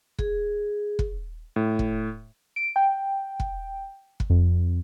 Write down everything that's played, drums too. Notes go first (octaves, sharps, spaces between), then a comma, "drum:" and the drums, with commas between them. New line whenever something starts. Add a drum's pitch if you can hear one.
G#4, drum: kick
drum: kick
A2
drum: kick
D7
G5
drum: kick
drum: kick
F2